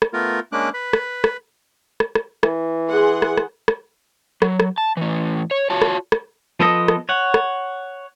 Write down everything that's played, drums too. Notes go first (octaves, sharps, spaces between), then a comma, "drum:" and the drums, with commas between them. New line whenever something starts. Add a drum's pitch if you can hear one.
drum: rim click
A3 B3 F4 A#4
G#3 A#3 C#4 D4 D6 F#6
B4 B5
drum: rim click
drum: rim click
drum: rim click
drum: rim click
E3, drum: rim click
G#4 F#5 C6
drum: rim click
drum: rim click
drum: rim click
F#3, drum: rim click
drum: rim click
A5
A2 E3
C#5
F4 F#4 C#5 A5
drum: rim click
drum: rim click
F3 B3 A4 D#5
drum: rim click
C#5 F#5
drum: rim click